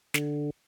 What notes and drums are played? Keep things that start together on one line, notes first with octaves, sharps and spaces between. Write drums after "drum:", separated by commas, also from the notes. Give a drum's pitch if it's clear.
D3, drum: snare